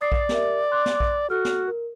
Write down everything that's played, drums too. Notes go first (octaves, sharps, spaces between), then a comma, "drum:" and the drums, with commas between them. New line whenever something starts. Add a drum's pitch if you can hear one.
D5 D#6 A6 C7
drum: kick A#1
G4 A#4 E5, drum: snare
C6 D6 F#6
drum: snare
drum: kick A#1
F#4 A4 F6
drum: snare
A#4